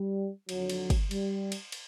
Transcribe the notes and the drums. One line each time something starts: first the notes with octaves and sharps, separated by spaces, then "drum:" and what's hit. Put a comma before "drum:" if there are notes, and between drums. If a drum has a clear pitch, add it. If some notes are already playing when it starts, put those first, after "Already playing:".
Already playing: G3
F2 D3 F#3, drum: cymbal
drum: cymbal
drum: kick, cymbal
G3, drum: cymbal
drum: cymbal
drum: cymbal